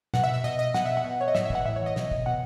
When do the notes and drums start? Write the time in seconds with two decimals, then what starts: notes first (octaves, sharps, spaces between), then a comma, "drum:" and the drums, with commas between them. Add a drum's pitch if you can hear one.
0.14 B2 F#5, drum: snare
0.23 E5
0.34 E5
0.44 B2 D#5
0.59 D#5
0.74 B2 F#5, drum: snare
0.86 E5
0.97 F#5
1.04 B2
1.21 C#5
1.28 D#5
1.35 A2 E5, drum: snare
1.45 E5
1.50 E3 F#5, drum: kick
1.65 A2 E5
1.76 C#5
1.82 E3 D#5
1.96 B2, drum: snare
2.11 drum: kick
2.26 B2 F#5